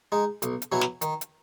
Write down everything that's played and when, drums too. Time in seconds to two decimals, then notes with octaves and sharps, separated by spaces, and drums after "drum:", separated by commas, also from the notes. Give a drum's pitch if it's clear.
0.12 G#3 D#4
0.42 B1, drum: hi-hat
0.62 drum: hi-hat
0.72 B2 F#3 C#4 E4
0.81 drum: snare
1.02 D#3, drum: hi-hat
1.21 drum: hi-hat